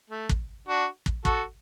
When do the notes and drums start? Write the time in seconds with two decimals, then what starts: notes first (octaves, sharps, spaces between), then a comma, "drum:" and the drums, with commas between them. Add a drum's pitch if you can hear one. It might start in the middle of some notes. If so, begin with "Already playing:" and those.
0.10 A3
0.29 drum: kick
0.67 D4 F#4
1.06 drum: kick
1.25 F#4 A4, drum: kick